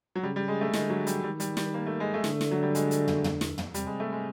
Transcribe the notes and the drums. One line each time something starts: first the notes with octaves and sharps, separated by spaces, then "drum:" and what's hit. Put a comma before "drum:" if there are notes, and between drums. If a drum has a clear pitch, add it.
F#3
C#3 G3
G3
G#3
A3
D3 G#3, drum: snare
F#3
G3, drum: hi-hat
D#3 G3
G3, drum: hi-hat
G3, drum: snare
A#3
A3
G#3
A3
D3, drum: snare
drum: snare
F#3
G3
G#3, drum: hi-hat
drum: hi-hat
drum: tom
drum: tom
drum: snare
drum: tom
C3 G3, drum: hi-hat
G#3
A3
G#3